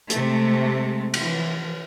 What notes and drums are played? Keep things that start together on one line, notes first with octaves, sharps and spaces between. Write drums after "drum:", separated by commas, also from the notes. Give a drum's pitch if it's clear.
C3 G#3 A3, drum: hi-hat
E3 F3, drum: cymbal